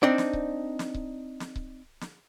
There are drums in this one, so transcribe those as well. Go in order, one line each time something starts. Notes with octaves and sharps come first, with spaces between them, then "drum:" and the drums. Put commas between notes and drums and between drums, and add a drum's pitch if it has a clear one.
C4 D4 D#4 D5
drum: snare
drum: kick C#1
drum: snare
drum: kick C#1
drum: snare
drum: kick C#1
drum: snare